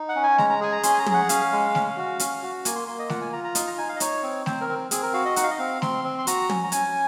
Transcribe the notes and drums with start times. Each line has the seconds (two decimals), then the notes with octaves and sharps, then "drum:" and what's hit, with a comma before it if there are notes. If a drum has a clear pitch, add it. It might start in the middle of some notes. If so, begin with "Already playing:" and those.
Already playing: D#4
0.09 F#5
0.15 C#4
0.24 G#5
0.38 G#3 A#5, drum: snare A3
0.50 A#5
0.61 G#4 G#5
0.72 A#5
0.83 C#4 C6, drum: hi-hat
0.94 G#5
0.99 A#5
1.06 G#4, drum: tom
1.14 F#5
1.29 C#4 F5, drum: hi-hat
1.52 G#3
1.75 C#4, drum: snare A3
1.97 F#4
2.20 C#4, drum: hi-hat
2.43 F#4
2.65 A#3 G#5, drum: hi-hat
2.76 C6
2.87 A#3 C6
2.99 D#5
3.10 F4 F#5, drum: snare A3
3.21 G#5
3.33 F4 A#5
3.44 A#5
3.55 D#4 C6, drum: hi-hat
3.67 A#5
3.78 D#4 G#5
3.89 F5
3.96 D#5
4.00 D#4 C#5, drum: hi-hat
4.23 C4
4.46 C4 C5, drum: snare A3
4.61 A#4
4.69 C4
4.91 C4 G#4, drum: hi-hat
5.03 A#4
5.14 F#4 F5
5.25 D#5
5.36 D#4 F#5, drum: hi-hat
5.43 F5
5.51 D#5
5.59 C4 F5
5.82 C4 C6, drum: snare A3
6.04 C4
6.18 C6
6.27 F#4 A#5, drum: hi-hat
6.50 C#4, drum: tom
6.64 A#5
6.72 C#4 G#5, drum: hi-hat